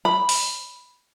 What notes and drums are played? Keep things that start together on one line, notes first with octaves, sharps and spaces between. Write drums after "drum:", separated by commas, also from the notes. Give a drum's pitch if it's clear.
B5
drum: open hi-hat